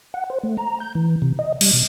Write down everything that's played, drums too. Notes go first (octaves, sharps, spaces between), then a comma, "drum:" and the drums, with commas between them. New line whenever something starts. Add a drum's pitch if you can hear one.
F#5
C5
A3
A#5
G6
E3
C3
D#5
G3, drum: cymbal
B2